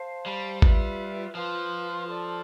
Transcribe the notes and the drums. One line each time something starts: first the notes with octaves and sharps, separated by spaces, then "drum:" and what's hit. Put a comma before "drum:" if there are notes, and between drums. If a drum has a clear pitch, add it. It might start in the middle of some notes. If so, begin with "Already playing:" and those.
Already playing: C5 F5 A5
G3
F4 B4 E5, drum: kick G#1
F3 F4 B4 F5 C6
A4 D5 A5 C6